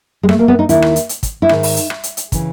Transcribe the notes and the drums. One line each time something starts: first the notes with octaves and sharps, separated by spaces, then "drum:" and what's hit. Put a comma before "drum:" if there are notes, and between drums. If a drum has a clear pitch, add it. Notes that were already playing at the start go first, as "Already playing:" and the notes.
G#3
A3, drum: rim click
A#3
B3
D#4
D#2 D#3 E4, drum: hi-hat
drum: rim click
drum: hi-hat
drum: hi-hat
drum: kick, hi-hat
E4
G#2 D#3 D#4, drum: rim click
drum: open hi-hat
drum: hi-hat
drum: rim click
drum: hi-hat
drum: hi-hat
C#3 E3, drum: kick, hi-hat